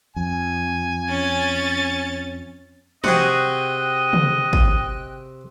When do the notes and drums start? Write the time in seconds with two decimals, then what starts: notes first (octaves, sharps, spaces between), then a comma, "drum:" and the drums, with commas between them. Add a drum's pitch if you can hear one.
0.16 F2 G#5
1.09 C#4 A6
3.04 C3 F#4 G#4 D#5 G5 F#6, drum: tom
4.13 drum: tom
4.53 drum: kick